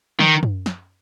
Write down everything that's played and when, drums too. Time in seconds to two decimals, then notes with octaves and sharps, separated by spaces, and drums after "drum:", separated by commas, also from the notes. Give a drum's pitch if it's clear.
0.19 D#3, drum: tom
0.43 drum: tom F#2
0.66 drum: snare